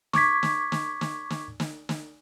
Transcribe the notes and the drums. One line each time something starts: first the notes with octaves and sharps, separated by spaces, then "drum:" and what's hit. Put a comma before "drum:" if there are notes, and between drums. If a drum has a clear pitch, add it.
C#6 D6 G#6 B6, drum: snare
drum: snare
drum: snare
drum: snare
drum: snare
drum: snare
drum: snare